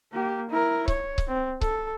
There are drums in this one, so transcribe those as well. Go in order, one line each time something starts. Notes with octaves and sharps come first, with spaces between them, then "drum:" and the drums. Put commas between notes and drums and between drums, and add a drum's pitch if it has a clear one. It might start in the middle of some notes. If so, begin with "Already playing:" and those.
A#3 G4
E4 A#4
C#5, drum: kick C#1
drum: kick C#1
C4
A4, drum: kick C#1